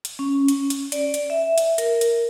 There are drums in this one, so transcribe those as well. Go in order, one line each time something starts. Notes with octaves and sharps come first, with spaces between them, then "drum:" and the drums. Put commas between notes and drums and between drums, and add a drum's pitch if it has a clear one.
drum: hi-hat
C#4
drum: hi-hat
drum: hi-hat
D5, drum: hi-hat
drum: hi-hat
E5
drum: hi-hat
A#4, drum: hi-hat
drum: hi-hat